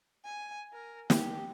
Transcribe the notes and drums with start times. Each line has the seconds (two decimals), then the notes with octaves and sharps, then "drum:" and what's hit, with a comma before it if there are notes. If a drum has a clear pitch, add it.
0.25 G#5
0.73 A#4
1.10 G4, drum: snare